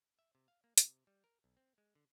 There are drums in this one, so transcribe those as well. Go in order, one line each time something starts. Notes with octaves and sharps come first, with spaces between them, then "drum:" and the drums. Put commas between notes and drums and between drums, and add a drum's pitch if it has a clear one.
E5
C3
F5
A#3
C3, drum: hi-hat
G3
A#4
B1
C4
G#3
D3